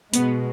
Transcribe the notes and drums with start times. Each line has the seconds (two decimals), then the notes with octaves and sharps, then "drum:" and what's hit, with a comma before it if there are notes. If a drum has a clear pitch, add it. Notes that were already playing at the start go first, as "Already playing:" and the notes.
0.14 B2 G#3 B3, drum: hi-hat